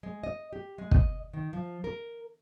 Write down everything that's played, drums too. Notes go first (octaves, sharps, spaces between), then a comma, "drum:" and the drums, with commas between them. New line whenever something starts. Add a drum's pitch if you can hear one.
G#3
D#5
G4
G#3
D#5, drum: kick
D#3
F3
A#4